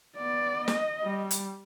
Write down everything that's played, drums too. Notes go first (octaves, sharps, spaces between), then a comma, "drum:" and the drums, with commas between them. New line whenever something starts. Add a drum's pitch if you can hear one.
B3 D5
D#5, drum: snare
G3
drum: hi-hat